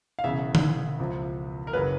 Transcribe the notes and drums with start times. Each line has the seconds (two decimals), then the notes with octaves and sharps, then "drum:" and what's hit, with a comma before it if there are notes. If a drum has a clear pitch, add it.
0.19 F5
0.24 E1 E2 C#3 E5
0.55 drum: tom D3
1.00 C#2 C3 F3
1.67 A#4
1.73 F#1 C#3 F#3 B4